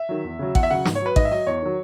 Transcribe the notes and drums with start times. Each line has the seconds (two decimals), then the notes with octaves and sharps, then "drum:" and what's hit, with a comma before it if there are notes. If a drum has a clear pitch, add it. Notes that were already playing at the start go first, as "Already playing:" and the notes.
Already playing: E5
0.09 D#3 F#3
0.24 E2
0.39 C#3 F#3
0.55 E2 F#5, drum: kick A1
0.63 E5
0.70 C#3 F#3 F#5
0.85 G#2, drum: snare
0.95 C#5
1.01 F#3 B4
1.16 G#2 D#5, drum: kick A1
1.25 E5
1.31 F#3 D#5
1.47 E2 C#5
1.62 D#3 F#3